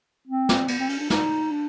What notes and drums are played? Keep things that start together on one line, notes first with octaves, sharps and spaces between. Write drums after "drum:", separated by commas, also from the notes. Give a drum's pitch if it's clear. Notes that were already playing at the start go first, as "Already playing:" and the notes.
C4
drum: snare
B3, drum: cymbal
C4
C#4, drum: open hi-hat
D4
D#4, drum: snare
D4